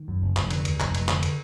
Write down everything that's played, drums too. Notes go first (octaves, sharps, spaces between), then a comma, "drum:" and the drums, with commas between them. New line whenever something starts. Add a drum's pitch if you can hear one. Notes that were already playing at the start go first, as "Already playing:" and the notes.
Already playing: D#3
F#2
F#1
F1, drum: clap
D3, drum: cymbal
D#2, drum: cymbal
F1, drum: clap
F1, drum: cymbal
D3, drum: clap
drum: cymbal